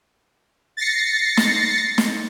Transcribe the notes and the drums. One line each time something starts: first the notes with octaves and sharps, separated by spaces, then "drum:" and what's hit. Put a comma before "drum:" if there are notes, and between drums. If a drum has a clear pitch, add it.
A6 A#6 C7 C#7
drum: snare
drum: snare